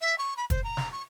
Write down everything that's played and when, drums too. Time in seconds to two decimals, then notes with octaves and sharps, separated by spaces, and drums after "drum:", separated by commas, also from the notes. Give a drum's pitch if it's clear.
0.01 E5
0.18 C#6
0.37 B5
0.50 C5, drum: kick, hi-hat
0.64 A#5
0.77 drum: snare
0.92 C#6